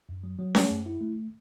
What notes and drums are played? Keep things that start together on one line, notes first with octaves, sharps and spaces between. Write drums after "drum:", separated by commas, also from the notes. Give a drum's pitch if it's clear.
F#2
F#3
F#3
A3, drum: snare C#4
F#2
E4
A3